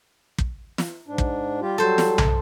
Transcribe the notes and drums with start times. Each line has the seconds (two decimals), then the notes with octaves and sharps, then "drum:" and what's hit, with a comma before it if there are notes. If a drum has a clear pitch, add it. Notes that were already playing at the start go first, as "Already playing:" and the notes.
0.38 drum: kick
0.78 drum: snare
1.08 G#2 D4
1.18 drum: kick
1.61 G3 F4 G4
1.78 F#3 G3 A4 C5
1.98 drum: snare
2.18 drum: tom B1